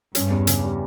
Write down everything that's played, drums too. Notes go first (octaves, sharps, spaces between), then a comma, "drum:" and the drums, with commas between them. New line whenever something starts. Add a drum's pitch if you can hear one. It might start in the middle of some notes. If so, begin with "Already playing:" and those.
G2 C#4, drum: hi-hat
E2
C#3, drum: hi-hat
G3